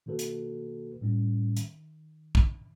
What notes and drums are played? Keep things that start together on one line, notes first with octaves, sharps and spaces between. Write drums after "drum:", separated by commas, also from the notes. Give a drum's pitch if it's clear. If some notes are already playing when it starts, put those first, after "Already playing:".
B2 D#3 A#3 F#4 A4 B4
drum: hi-hat
A2 G3 C#4
D#3, drum: hi-hat
drum: kick